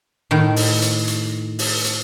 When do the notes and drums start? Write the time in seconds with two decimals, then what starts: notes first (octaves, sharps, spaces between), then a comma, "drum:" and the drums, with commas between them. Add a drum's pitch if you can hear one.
0.31 A2 D#3
0.56 drum: open hi-hat
0.82 drum: hi-hat
1.07 drum: hi-hat
1.59 drum: open hi-hat
1.84 drum: hi-hat